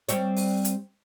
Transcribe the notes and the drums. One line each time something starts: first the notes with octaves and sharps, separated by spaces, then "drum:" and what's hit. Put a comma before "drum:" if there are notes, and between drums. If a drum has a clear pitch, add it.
G3 C4 C#5, drum: hi-hat
drum: open hi-hat
drum: hi-hat